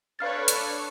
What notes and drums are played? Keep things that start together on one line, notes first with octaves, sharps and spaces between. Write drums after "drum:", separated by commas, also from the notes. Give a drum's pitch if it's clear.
D4 A4 B4 C#5 D5 F5 F6 A6
drum: hi-hat